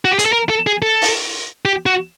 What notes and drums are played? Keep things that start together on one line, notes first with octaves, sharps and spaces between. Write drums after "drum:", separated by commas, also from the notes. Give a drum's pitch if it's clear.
F#4
G4
G#4, drum: hi-hat
A4
A#4
A4
G#4
A4
drum: open hi-hat
G4
F#4